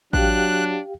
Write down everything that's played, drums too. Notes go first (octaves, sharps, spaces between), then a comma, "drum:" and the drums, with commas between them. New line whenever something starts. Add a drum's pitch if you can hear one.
F#3 D4 G4 F5 G5 F#6, drum: kick